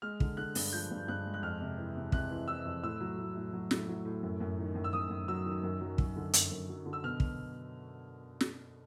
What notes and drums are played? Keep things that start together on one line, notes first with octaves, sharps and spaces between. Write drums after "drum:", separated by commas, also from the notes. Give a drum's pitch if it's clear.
G#3 F6
D3, drum: kick
D3 F#6
G2, drum: open hi-hat
F3 G6
G2
G2 F#6
G#3
F#6
F2 F6
C3
E3
C3
C3 F#6, drum: kick
E3
E3 E6
F2
A2 E6
F#3
A2
A2
F#3
A2, drum: snare
F#3
A2
F#2
F#2
D#3
F#2
E6
F#2 D#6
F#2
F#3 E6
D#3
F#2
F#3
F#3, drum: kick
D3
F#2, drum: hi-hat
F#2
F#3
D3
E6
B2 F6
drum: kick
drum: snare